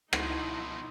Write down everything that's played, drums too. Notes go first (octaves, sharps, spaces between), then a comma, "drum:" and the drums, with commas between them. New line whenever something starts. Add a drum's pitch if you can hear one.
B2 F3 D#4 E4, drum: rim click